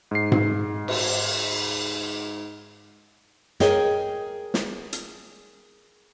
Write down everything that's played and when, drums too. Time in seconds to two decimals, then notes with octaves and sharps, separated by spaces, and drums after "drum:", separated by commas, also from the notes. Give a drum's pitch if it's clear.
0.11 G#2 C7
0.32 drum: tom G#2
0.88 drum: cymbal
3.60 G#4 A#4 C#5 D#5 F5 G5, drum: snare
4.54 drum: snare
4.93 drum: hi-hat